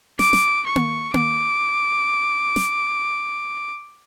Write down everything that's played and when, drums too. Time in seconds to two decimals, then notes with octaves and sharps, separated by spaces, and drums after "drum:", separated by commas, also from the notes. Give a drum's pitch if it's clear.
0.19 D6, drum: snare
0.33 drum: snare
0.67 C#6
0.76 drum: tom A#3
1.14 D6, drum: tom A#3
2.56 drum: snare